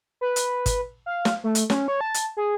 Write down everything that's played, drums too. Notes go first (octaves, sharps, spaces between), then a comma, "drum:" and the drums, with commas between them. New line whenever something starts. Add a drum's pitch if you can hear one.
B4
drum: hi-hat
drum: kick, hi-hat
F5
drum: snare
A3
drum: hi-hat
C#4, drum: snare
C#5
A5
drum: hi-hat
G#4